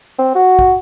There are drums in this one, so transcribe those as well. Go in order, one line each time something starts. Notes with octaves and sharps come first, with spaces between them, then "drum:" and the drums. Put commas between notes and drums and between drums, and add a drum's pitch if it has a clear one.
C4
F#4
drum: kick